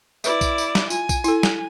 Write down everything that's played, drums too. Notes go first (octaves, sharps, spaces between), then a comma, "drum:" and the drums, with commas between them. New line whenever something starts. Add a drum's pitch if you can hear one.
E4 B4 D5 E5, drum: tambourine
drum: kick A#1, tambourine
drum: tambourine
drum: snare
F4 G#5, drum: tambourine
drum: kick A#1, tambourine
E4 A4, drum: tambourine
drum: snare